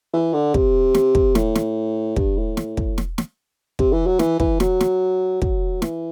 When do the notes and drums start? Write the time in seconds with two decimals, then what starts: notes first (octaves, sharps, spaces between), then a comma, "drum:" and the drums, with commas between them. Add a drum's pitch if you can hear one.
0.13 E3
0.33 D3
0.54 C3, drum: kick
0.94 drum: snare
1.15 drum: kick
1.35 A2, drum: snare
1.55 drum: snare
2.16 G2, drum: kick
2.37 A2
2.57 drum: snare
2.77 drum: kick
2.98 drum: snare
3.18 drum: snare
3.79 C3, drum: kick
3.92 E3
4.06 F#3
4.19 E3, drum: snare
4.40 E3, drum: kick
4.60 F#3, drum: snare
4.80 drum: snare
5.42 F#3, drum: kick
5.82 E3, drum: snare